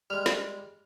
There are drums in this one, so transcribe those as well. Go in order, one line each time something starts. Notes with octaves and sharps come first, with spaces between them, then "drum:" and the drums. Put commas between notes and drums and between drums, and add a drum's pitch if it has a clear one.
G3 G#3 F6
drum: snare